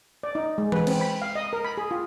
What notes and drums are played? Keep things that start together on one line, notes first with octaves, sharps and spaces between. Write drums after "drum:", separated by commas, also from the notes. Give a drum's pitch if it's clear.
D5
D#4
G#3
B4, drum: tom E3
C4, drum: cymbal
B5
F5
D#5
A#4
B5
G#4
F4